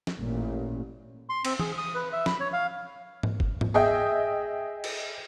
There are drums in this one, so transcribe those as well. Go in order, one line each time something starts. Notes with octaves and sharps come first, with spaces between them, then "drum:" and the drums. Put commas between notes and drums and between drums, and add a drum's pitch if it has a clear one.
drum: snare
A1 A#2
C6
C4, drum: cymbal
G#4, drum: tom E3
D#6
B4
E5
B5, drum: snare
C#5
F5
drum: tom G#2
drum: kick
drum: tom G#2
G#4 D#5 E5 G5
drum: cymbal